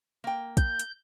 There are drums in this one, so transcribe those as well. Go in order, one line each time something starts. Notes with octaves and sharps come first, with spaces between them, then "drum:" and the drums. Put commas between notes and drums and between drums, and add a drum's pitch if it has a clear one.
A#3 G5
G6, drum: kick, hi-hat
drum: hi-hat